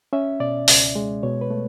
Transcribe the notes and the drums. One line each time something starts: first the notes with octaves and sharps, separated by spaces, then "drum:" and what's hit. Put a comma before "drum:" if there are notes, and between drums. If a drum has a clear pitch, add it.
C#4 E5
B2 D5
C#2, drum: open hi-hat
G#3
B2 C#5
B4
A3